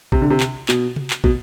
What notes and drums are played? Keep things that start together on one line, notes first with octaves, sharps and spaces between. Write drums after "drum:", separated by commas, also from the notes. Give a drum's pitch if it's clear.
C3, drum: kick
D3
C3
drum: clap
B2, drum: clap
drum: tom C3
drum: clap
B2, drum: kick